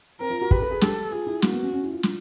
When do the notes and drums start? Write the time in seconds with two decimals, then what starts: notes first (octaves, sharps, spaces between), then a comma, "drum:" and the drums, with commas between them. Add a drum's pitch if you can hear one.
0.20 C4 A#4
0.31 F4
0.41 F#4
0.51 G4 B4, drum: kick
0.62 A4
0.71 G#4
0.81 G4 A4, drum: snare
1.11 F4 G#4
1.27 E4
1.42 A#3 F#4, drum: snare
1.53 B3
1.63 C#4
1.73 C#4
1.84 E4
1.93 F4
2.03 drum: snare